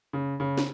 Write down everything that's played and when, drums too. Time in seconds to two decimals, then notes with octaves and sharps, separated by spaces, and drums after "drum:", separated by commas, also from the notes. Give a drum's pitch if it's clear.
0.13 C#3
0.40 C#3
0.57 drum: snare